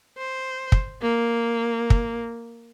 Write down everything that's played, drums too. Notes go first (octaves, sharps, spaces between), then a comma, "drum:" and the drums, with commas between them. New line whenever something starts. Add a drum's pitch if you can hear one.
C5
drum: kick
A#3
drum: kick